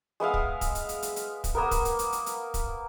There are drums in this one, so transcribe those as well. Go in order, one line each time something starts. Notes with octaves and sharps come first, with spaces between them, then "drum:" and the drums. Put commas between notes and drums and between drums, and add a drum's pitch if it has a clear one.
G#3 B3 E5 F5
drum: kick
drum: kick, hi-hat
drum: hi-hat
drum: hi-hat
drum: hi-hat
drum: hi-hat
drum: kick, hi-hat
A#3 B3 A#4
drum: kick, hi-hat
drum: hi-hat
drum: hi-hat
drum: hi-hat
drum: hi-hat
drum: kick, hi-hat